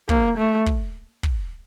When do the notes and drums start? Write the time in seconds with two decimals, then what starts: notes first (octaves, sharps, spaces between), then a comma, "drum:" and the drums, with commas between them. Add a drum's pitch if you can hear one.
0.09 A#3, drum: kick
0.38 A3
0.66 drum: kick
1.23 drum: kick